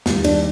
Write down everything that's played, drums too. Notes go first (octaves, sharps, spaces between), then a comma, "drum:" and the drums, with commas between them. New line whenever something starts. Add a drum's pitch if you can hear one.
D#2 D#3 G3, drum: snare
D4, drum: cymbal